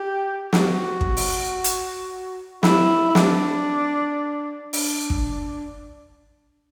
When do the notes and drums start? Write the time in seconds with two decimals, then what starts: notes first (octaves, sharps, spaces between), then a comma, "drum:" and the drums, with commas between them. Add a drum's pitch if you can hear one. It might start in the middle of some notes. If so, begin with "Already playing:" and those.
Already playing: G4
0.53 F#4, drum: snare
1.01 drum: kick
1.17 drum: open hi-hat
1.64 drum: hi-hat
2.63 E4, drum: snare
3.09 E4
3.15 D4, drum: snare
4.73 D4, drum: open hi-hat
5.10 drum: kick